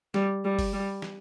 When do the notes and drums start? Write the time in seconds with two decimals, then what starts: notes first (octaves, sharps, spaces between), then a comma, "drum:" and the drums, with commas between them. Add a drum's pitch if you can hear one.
0.14 G3, drum: snare
0.45 G3
0.59 drum: kick F#1, open hi-hat
0.73 G3
1.02 drum: snare